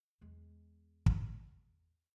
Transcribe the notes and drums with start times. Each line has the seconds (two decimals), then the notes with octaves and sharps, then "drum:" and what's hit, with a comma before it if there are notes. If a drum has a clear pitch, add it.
0.21 E2 G#3
1.06 drum: kick